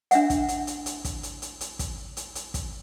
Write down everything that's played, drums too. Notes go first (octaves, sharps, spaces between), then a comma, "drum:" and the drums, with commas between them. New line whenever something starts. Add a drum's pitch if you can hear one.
D4 E5 F#5, drum: hi-hat
drum: kick, hi-hat
drum: hi-hat
drum: hi-hat
drum: hi-hat
drum: kick, hi-hat
drum: hi-hat
drum: hi-hat
drum: hi-hat
drum: kick, hi-hat
drum: hi-hat
drum: hi-hat
drum: kick, hi-hat